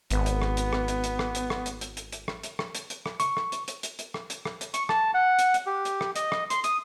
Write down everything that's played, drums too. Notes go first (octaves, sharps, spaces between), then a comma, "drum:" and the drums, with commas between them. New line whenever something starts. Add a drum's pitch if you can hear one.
G#1 B3, drum: hi-hat
drum: hi-hat
drum: rim click
drum: hi-hat
drum: rim click
drum: hi-hat
drum: hi-hat
drum: rim click
drum: hi-hat
drum: rim click
drum: hi-hat
drum: hi-hat
drum: hi-hat
drum: hi-hat
drum: rim click
drum: hi-hat
drum: rim click
drum: hi-hat
drum: hi-hat
drum: rim click
C#6, drum: hi-hat
drum: rim click
drum: hi-hat
drum: hi-hat
drum: hi-hat
drum: hi-hat
drum: rim click
drum: hi-hat
drum: rim click
drum: hi-hat
C#6, drum: hi-hat
A5, drum: rim click
F#5
drum: hi-hat
drum: hi-hat
G4
drum: hi-hat
drum: rim click
D#5, drum: hi-hat
drum: rim click
C6, drum: hi-hat
D#6, drum: hi-hat